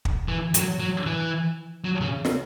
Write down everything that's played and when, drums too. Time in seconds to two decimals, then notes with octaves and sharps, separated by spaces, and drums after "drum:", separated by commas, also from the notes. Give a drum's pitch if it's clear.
0.05 drum: kick
0.28 E3
0.54 F#3, drum: hi-hat
0.80 F#3
1.06 E3
1.85 F#3
2.01 C#3
2.25 drum: snare